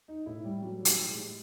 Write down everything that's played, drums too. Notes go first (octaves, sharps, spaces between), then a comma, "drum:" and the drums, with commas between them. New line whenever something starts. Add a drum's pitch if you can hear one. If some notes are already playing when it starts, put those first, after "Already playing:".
D#4
A2 E4
G3 G4
E3 F#3 F#4
G3 G4, drum: hi-hat
A2
G#3 G#4